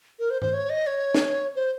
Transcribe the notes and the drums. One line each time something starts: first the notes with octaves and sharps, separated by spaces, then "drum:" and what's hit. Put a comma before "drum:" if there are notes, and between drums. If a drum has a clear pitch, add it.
A#4
C5
C5, drum: tom G#2
C#5
D#5
C#5
drum: snare
C5